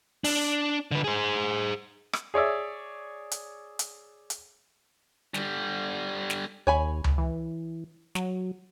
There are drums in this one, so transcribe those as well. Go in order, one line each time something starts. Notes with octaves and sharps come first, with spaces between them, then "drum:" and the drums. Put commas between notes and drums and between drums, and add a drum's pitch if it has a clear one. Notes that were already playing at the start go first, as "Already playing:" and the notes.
D4, drum: open hi-hat
D3 B4
G#4 C5
drum: rim click
G#4 C#5 D5 E5
drum: hi-hat
drum: hi-hat
drum: hi-hat
D3 G3, drum: snare
drum: snare
D#2 C#5 G#5 B5
drum: tom C#2
E3
F#3, drum: snare